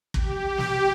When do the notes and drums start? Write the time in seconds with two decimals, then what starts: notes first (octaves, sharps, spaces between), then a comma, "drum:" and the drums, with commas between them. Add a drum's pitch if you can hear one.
0.14 G4, drum: kick
0.58 drum: snare